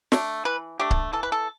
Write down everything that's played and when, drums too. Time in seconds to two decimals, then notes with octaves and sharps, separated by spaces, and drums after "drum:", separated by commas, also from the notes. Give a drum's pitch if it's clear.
0.12 A3 D4, drum: snare
0.45 E3 B4
0.79 A3 D4 G4
0.91 drum: kick C#1
1.13 E3 A4
1.23 B4
1.32 A4